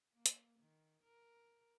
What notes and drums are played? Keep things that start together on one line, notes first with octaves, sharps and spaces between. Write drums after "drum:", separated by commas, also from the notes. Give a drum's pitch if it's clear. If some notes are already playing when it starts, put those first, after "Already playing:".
A#3
drum: hi-hat
D#3
A#4